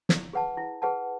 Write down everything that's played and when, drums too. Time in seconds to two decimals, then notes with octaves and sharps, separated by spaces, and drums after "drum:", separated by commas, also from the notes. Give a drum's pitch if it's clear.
0.09 E4, drum: snare
0.33 G#4 B4 F#5 A5
0.57 E4
0.82 G#4 B4 F#5 A5